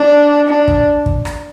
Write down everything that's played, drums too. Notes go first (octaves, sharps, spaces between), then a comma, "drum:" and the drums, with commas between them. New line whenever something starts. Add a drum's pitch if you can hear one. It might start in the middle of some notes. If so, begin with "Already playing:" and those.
Already playing: D4
D4
drum: kick
drum: kick
drum: rim click